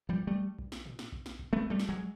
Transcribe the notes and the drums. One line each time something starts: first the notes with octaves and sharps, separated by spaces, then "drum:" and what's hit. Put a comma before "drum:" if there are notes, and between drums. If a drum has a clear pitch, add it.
F3 G3
G3 A3
drum: kick A#1
drum: snare
drum: tom A2
drum: snare
drum: kick A#1
drum: snare
drum: kick A#1
A3 B3
G3 A3
drum: snare
F#3 G#3